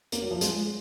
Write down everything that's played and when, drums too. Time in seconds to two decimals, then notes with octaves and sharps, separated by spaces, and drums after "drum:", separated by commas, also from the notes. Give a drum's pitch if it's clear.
0.12 A#3, drum: hi-hat
0.22 F#3
0.31 F3
0.41 G#3, drum: hi-hat